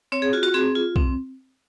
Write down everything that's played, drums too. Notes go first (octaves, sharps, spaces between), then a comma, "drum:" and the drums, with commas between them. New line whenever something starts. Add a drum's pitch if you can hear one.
C4 C#5
G#4
F4 F#4
F#4
C4 G#4
F4
C4, drum: kick B1